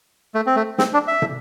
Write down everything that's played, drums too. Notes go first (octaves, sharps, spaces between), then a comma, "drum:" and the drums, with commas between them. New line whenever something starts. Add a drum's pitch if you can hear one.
A3
C4
A3
C4, drum: snare
D4
E5
drum: tom